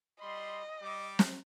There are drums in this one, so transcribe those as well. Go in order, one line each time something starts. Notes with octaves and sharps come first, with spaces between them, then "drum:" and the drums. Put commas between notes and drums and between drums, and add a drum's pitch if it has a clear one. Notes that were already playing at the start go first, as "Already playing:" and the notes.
G3 D#5 B5 C6
G3 D6
drum: snare